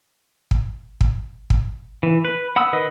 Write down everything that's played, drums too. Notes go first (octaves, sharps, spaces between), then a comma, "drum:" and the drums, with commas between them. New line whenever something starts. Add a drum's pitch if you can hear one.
drum: kick
drum: kick
drum: kick
E3
B4
F#5 B5 D#6 E6
D#3 B4 D#5 D#6